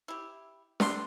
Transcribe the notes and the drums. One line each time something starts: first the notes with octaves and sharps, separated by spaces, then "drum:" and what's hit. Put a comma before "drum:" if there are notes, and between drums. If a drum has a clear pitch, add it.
E4 G4
D3 G3 C6, drum: snare